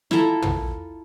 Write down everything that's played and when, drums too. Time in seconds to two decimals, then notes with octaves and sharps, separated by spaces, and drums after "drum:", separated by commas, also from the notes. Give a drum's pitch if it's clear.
0.11 E4 F4 A4 A#5, drum: snare
0.42 drum: tom